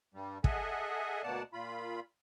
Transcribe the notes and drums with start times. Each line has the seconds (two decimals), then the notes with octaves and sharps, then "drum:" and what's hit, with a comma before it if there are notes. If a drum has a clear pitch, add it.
0.14 G2 G3
0.44 G#4 A4 D#5 E5 F#5 G#5, drum: kick
1.23 D2 B2 A#3 D5 F#5 A5
1.53 A#2 F4 B5